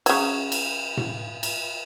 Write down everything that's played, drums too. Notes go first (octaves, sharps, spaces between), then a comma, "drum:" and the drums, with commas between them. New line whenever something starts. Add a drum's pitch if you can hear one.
C#3 F#3, drum: cymbal
drum: cymbal
drum: tom A2
drum: cymbal